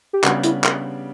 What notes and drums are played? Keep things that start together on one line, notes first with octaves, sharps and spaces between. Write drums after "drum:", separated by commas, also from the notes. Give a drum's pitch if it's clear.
G4
C#3 G3 B3 D4 F#4, drum: clap
E4, drum: hi-hat
drum: clap